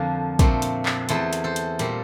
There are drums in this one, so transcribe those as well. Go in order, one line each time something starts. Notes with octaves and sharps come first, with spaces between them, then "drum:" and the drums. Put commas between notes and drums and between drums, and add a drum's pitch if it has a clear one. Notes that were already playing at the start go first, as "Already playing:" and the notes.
Already playing: F2 D3 F3 A#3 A4
A#2 A3 C4, drum: kick, hi-hat
drum: hi-hat
drum: clap
E2 E3 A3 C4 A4 C5, drum: hi-hat
drum: hi-hat
A4 C5
drum: hi-hat
A#2 G3 C4, drum: hi-hat